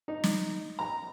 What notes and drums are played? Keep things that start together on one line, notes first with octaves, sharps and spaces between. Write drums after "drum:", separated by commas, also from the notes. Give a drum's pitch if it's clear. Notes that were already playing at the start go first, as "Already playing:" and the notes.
D#4
drum: snare
A#5